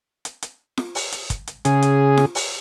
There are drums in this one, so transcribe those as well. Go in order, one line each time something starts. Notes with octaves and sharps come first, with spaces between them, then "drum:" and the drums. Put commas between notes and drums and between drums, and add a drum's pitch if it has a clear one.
drum: hi-hat
drum: hi-hat
drum: snare F4
drum: open hi-hat
drum: hi-hat
drum: kick, hi-hat
drum: hi-hat
C#3 G#4, drum: hi-hat
drum: hi-hat
drum: snare F4
drum: open hi-hat